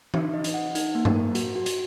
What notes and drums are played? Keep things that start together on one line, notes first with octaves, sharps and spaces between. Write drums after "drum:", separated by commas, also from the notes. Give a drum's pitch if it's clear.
D#4, drum: tom E3
D#5
drum: hi-hat
F#5
D#4, drum: hi-hat
A#3
drum: tom G2
A#4
F#4, drum: hi-hat
F#4
drum: hi-hat